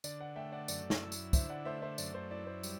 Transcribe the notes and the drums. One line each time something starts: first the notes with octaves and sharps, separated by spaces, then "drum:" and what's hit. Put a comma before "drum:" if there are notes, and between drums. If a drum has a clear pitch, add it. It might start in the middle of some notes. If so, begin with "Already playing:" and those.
D3 D5, drum: tambourine
D5 F#5
A3 E5 G5
D5 F#5
F#2 D5, drum: tambourine
drum: snare
E4
drum: tambourine
D3 C5 E5, drum: kick, tambourine
D5 F#5
A3 C5 E5
C5 E5
F#2 D5, drum: tambourine
C5
E4 D5
C5
G3, drum: tambourine